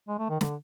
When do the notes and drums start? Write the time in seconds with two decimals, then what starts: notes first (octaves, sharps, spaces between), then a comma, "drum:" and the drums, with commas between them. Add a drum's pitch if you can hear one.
0.08 G#3
0.19 A3
0.29 D#3
0.41 D3, drum: snare